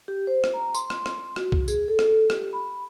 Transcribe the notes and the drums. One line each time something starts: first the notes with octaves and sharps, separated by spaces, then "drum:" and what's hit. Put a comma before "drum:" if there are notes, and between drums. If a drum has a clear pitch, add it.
G4
C5
drum: rim click
A#5
C6, drum: tambourine
drum: rim click
drum: rim click
F#4, drum: rim click
drum: kick C2
G#4, drum: tambourine
A4
drum: rim click
G4, drum: rim click
B5